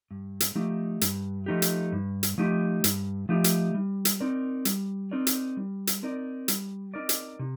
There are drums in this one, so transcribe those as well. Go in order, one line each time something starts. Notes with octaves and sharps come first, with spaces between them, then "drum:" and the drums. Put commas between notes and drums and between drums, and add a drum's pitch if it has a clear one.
G2
drum: hi-hat
F3 A3 D#4 G4
G2, drum: hi-hat
F3 A3 D#4 G4
drum: hi-hat
G2
drum: hi-hat
F3 A3 D#4 G4
G2, drum: hi-hat
F3 A3 D#4 G4
drum: hi-hat
G3
drum: hi-hat
C4 D#4 A#4 D5
G3, drum: hi-hat
C4 D#4 A#4 D5
drum: hi-hat
G3
drum: hi-hat
C4 D#4 A#4 D5
G3, drum: hi-hat
C4 D#4 A#4 D5
drum: hi-hat
C3